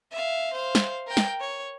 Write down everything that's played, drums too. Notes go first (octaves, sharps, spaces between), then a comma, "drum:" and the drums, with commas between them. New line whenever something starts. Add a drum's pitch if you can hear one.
E5 F5
C5 F5
drum: snare
A#4 G5
drum: snare
C#5